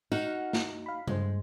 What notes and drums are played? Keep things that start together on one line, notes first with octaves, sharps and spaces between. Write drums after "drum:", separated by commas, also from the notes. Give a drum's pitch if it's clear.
D#4 F#4 F#5 F6, drum: tambourine
drum: snare
F5 B5
G2 G#3 C5, drum: tom C#3